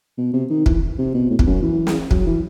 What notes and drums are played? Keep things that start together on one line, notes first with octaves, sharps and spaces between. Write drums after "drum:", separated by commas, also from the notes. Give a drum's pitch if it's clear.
B2
C3
D#3
E3, drum: kick
C3
B2
A2
E2, drum: kick
F#2
E3
drum: snare
F#3, drum: kick
E3